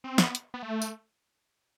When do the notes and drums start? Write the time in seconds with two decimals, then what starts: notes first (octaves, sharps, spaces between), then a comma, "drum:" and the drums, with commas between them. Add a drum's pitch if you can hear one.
0.04 C4
0.18 B3, drum: snare
0.35 drum: hi-hat
0.54 B3
0.63 A3
0.82 drum: tambourine